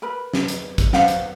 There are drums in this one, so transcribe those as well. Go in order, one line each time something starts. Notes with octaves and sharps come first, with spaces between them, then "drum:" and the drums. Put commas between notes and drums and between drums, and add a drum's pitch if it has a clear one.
A#4 B4 B5
drum: snare
drum: hi-hat
drum: kick, hi-hat
B4 C5 F5 F#5, drum: snare
drum: hi-hat